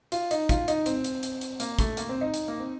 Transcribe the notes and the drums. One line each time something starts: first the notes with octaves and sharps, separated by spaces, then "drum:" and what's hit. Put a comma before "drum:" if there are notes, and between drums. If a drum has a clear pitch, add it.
F4, drum: hi-hat
D#4, drum: hi-hat
F4, drum: kick, hi-hat
D#4, drum: hi-hat
C4, drum: hi-hat
drum: hi-hat
drum: hi-hat
drum: hi-hat
A#3, drum: hi-hat
A3, drum: kick, hi-hat
A#3, drum: hi-hat
C4
D#4
drum: hi-hat
A#3
C4